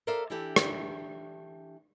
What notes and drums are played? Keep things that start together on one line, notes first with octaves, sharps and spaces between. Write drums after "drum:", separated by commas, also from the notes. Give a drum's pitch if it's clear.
A4 A#4 C5 D5 E5 F5
E3 D4 E4 G4 A4
drum: rim click